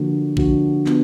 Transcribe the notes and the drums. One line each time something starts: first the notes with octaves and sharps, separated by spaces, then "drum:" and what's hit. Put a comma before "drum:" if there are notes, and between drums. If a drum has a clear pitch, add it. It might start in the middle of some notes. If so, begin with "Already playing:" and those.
Already playing: D3 F3 A#3 D4 F#4
D3 F3 A#3 D4 F#4, drum: kick A1
B3 D4 F4, drum: clap